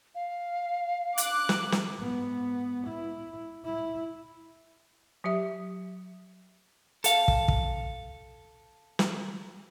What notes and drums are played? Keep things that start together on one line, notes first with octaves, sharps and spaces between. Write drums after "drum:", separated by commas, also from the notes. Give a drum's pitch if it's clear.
F5
D6 F#6, drum: hi-hat
drum: snare
drum: snare
G#2 B3
E4
E4
F#3 G4 E5
A4 F5, drum: hi-hat
drum: kick
drum: kick
drum: snare